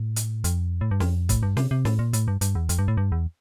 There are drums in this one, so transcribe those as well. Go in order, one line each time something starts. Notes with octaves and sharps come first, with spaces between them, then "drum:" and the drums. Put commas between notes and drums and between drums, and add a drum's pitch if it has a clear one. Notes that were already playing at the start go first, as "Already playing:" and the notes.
Already playing: A2
drum: hi-hat
F2, drum: hi-hat
A2
G2
F2, drum: snare
A2, drum: kick, hi-hat
G2
C3, drum: snare
C3
A2, drum: snare
A#2
A2, drum: hi-hat
G2
G2, drum: hi-hat
E2
F2, drum: hi-hat
G2
A2
G2
E2